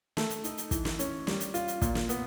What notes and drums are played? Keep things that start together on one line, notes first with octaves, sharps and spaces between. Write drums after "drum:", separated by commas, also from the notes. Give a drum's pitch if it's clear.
A3, drum: snare
drum: hi-hat
D#4, drum: hi-hat
drum: hi-hat
E3, drum: kick, hi-hat
drum: snare
C#4, drum: hi-hat
G3, drum: snare
drum: hi-hat
F4, drum: hi-hat
drum: hi-hat
A#2, drum: kick, hi-hat
drum: snare
B3, drum: hi-hat